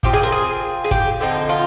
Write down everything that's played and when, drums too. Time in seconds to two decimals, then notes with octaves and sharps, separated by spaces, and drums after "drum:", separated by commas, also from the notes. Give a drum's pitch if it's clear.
0.03 F3 C4 F4 G4, drum: kick G#1
0.13 G#4
0.23 A#4
0.32 G#4
0.84 G#4
0.91 G4, drum: kick G#1
1.20 D3 F3 C4 D#4
1.49 F4